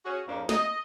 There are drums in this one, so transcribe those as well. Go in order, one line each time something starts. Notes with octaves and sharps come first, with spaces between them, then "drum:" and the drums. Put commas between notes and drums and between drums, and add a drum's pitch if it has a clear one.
C#4 F#4 G#4
F2 G#2 F3 A#3 C#4 D4
D#5, drum: snare